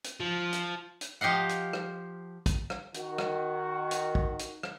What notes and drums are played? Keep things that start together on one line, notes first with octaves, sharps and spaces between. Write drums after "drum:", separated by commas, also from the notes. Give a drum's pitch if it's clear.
drum: hi-hat
F3
drum: hi-hat
drum: hi-hat
F3 G4 D#5 F5 F#5
drum: hi-hat
drum: rim click
drum: kick, hi-hat
drum: rim click
D#3 F#4, drum: hi-hat
drum: rim click
drum: hi-hat
drum: kick
drum: hi-hat
drum: rim click